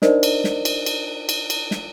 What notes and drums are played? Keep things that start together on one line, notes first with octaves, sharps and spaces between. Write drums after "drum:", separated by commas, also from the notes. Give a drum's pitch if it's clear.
D4 D#4 A#4 C5 D5 D#5, drum: snare
drum: cymbal
drum: snare
drum: cymbal
drum: cymbal
drum: cymbal
drum: cymbal
drum: snare